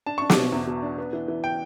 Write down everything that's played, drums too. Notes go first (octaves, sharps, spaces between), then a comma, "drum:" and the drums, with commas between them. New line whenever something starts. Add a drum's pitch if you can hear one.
D4 A5
D4 C#6
D6, drum: snare
B2
E2
B2
D4
B3
E3
E3
G5